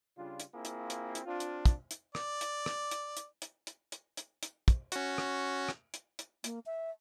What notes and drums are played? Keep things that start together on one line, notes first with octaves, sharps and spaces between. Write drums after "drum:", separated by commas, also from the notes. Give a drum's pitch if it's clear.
C#3 G3 D4 F4
drum: hi-hat
A#3 C4 E4 F4 G#4
drum: hi-hat
drum: hi-hat
drum: hi-hat
C4 D4 F4
drum: hi-hat
drum: kick, hi-hat
drum: hi-hat
D5, drum: rim click
drum: hi-hat
drum: rim click
drum: hi-hat
drum: hi-hat
drum: hi-hat
drum: hi-hat
drum: hi-hat
drum: hi-hat
drum: hi-hat
drum: kick, hi-hat
C#4 F#4, drum: hi-hat
drum: rim click
drum: rim click
drum: hi-hat
drum: hi-hat
A#3, drum: hi-hat
E5